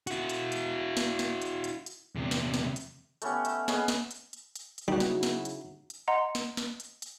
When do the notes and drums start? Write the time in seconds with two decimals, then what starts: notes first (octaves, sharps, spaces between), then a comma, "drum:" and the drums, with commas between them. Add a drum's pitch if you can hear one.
0.07 E4 F#4, drum: hi-hat
0.29 drum: hi-hat
0.52 drum: hi-hat
0.97 drum: snare
1.19 drum: snare
1.42 drum: hi-hat
1.64 drum: hi-hat
1.86 drum: hi-hat
2.15 E2 C3
2.31 drum: snare
2.54 drum: snare
2.76 drum: hi-hat
3.22 A3 B3 C#4 G4, drum: hi-hat
3.45 E5, drum: hi-hat
3.68 B3 C#4 G#4 D#5, drum: snare
3.88 drum: snare
4.11 drum: hi-hat
4.33 drum: hi-hat
4.56 drum: hi-hat
4.78 drum: hi-hat
4.88 C#3 F#3 G3 D#4 E4 F#4
5.00 drum: snare
5.23 drum: snare
5.45 drum: hi-hat
5.90 drum: hi-hat
6.08 D#5 F#5 A#5 C6
6.35 drum: snare
6.57 drum: snare
6.80 drum: hi-hat
7.02 drum: hi-hat